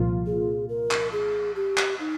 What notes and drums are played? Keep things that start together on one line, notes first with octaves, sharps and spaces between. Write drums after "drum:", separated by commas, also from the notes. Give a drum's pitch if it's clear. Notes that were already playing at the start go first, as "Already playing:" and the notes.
Already playing: C2 A#2 F3 A#3 F4
G#4
A#4
drum: clap
G#4
G4
drum: clap
D#4